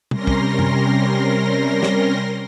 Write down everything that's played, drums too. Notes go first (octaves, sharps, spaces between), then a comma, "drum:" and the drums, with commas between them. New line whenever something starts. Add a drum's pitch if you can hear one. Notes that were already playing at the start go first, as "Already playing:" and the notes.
C3 G3 C#4 A#4 C6 A#6, drum: tom
drum: kick
drum: tom F#2
drum: snare